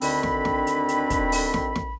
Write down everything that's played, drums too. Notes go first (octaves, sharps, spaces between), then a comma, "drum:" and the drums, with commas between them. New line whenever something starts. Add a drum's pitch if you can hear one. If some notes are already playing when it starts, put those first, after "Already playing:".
D2 D3 D#3 C4 B5, drum: open hi-hat
drum: snare
drum: snare
drum: hi-hat
drum: hi-hat
drum: kick, hi-hat
drum: open hi-hat
drum: snare
drum: snare